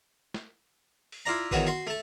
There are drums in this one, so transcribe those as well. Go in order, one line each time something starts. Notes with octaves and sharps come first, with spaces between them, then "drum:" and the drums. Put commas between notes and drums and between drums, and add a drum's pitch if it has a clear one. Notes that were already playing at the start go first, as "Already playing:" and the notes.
drum: snare
drum: open hi-hat
E4 F4 D5 A#5
E2 D#3 F#3 F#4 B4 D#6, drum: kick G#1
F#4 C6
A3 A5